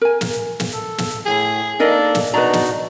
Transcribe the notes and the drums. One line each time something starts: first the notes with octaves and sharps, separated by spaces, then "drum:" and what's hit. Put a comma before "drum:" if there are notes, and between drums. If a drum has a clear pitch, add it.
A#4 G#5
drum: snare
drum: snare
A4
drum: snare
A2 G#4
A#3 D4 D#4 A4 A#4 D#5
drum: snare
B2 D4 D#4 F#4 B4 A#5
drum: snare